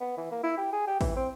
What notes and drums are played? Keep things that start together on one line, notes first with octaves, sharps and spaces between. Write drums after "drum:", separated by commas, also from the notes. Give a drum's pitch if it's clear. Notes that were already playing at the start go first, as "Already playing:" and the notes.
B3
E3
A#3
E4
G4
G#4
G4
E3, drum: kick A1, open hi-hat
C4